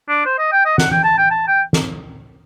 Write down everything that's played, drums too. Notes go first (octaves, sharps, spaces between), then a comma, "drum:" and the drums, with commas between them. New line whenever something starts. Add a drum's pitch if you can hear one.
D4
C5
D#5
G5
D#5
F#5, drum: snare
G5, drum: tom E3
A5
G5
A5
G5
drum: snare